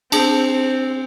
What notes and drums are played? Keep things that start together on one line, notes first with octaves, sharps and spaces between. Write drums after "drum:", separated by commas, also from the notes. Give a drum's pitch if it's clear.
C4 D4 G#4, drum: cymbal